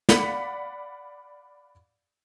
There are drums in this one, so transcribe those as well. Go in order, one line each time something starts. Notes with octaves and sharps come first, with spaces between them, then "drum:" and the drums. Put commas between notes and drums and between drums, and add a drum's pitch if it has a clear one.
D5 F5 F#5 B5 B6 C#7, drum: snare